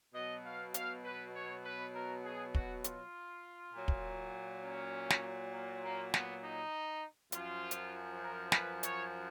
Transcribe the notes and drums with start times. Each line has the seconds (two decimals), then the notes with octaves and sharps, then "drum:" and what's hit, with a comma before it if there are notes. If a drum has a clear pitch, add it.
0.14 B2 F#3 D#5
0.45 F5
0.74 F5, drum: hi-hat
1.04 B4
1.34 C#5
1.65 B4
1.94 A#4
2.24 G#4
2.55 F#4, drum: kick
2.84 F4, drum: hi-hat
3.73 A#2 F#3
3.88 drum: kick
4.63 C#4
5.10 drum: snare
5.53 A#3
5.83 A#3
6.14 B3, drum: snare
6.43 D#4
7.32 F#2 F3 F4, drum: hi-hat
7.71 drum: hi-hat
8.23 A#4
8.52 B4, drum: snare
8.83 C#5, drum: hi-hat